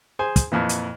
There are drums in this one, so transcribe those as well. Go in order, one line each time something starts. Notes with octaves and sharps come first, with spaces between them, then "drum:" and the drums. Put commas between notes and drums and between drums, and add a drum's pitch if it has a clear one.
G#4 C5 G#5
drum: kick, hi-hat
F2 A#2 E3
drum: hi-hat